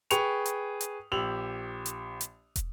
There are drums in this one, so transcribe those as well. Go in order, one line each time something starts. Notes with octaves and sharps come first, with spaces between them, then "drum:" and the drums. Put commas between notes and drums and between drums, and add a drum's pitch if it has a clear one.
G#4 B4 G5 C#6 C#7 F7, drum: hi-hat
drum: hi-hat
drum: hi-hat
A#1 G4 E6 F7 F#7
drum: hi-hat
drum: hi-hat
drum: kick, hi-hat